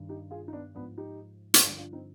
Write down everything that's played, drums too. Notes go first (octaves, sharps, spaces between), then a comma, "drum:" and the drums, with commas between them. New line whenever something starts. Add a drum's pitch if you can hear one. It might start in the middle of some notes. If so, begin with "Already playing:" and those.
Already playing: G2 D#3
D#4 G4
F4 G#4
D#4
B3 D4
G#2 F3 B3 D4
D#4 G4
drum: hi-hat
G2 D3 F3 D4 F4
D4 F4
C4 D#4